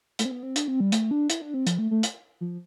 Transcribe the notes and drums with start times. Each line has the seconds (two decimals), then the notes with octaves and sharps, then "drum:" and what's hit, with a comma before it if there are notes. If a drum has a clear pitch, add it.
0.19 A3, drum: hi-hat
0.25 C4
0.31 B3
0.43 C4
0.56 D4, drum: hi-hat
0.68 C4
0.80 G3
0.92 A3, drum: hi-hat
1.11 D4
1.30 E4, drum: hi-hat
1.41 D4
1.54 C4
1.67 F3, drum: hi-hat
1.79 A3
1.91 A3
2.03 drum: hi-hat
2.41 F3